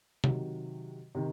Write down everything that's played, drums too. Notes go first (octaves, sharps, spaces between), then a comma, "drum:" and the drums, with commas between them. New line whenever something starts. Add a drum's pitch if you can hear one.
C3 D#3 F#3, drum: tom C3
C3 D#3